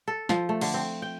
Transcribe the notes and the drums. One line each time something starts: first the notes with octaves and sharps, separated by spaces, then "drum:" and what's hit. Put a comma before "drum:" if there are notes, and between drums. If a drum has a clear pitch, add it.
A4
F3, drum: snare
A3
D3, drum: cymbal
C4
G5